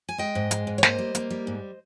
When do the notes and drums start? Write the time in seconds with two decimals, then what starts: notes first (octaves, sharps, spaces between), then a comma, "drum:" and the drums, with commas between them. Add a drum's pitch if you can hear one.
0.09 G#5
0.18 G#3 D#5 G5
0.35 G#2
0.51 G#3, drum: hi-hat
0.67 G#2
0.78 C#5
0.83 A#3 C5 D#5, drum: snare
0.98 G3
1.15 A#3, drum: hi-hat
1.30 G3
1.47 G#2